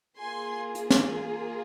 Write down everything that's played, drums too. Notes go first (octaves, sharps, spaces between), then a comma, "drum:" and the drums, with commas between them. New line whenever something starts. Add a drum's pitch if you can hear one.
A#3 F4 G#4 G#5 C6
drum: hi-hat
drum: snare